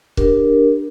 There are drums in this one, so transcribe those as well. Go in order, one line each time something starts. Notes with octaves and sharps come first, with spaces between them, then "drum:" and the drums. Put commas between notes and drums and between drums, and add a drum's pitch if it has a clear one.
D4 G4 A#4, drum: kick C#1